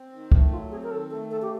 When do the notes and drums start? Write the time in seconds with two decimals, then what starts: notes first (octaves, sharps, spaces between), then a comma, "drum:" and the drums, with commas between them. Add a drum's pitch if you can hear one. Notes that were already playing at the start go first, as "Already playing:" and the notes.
Already playing: C4
0.12 D#3
0.32 A3, drum: kick
0.51 F#3 F4
0.71 C4 G#4
0.83 A#4
0.91 D#3 A4
1.10 A3 A4
1.31 C#3 A4
1.42 G4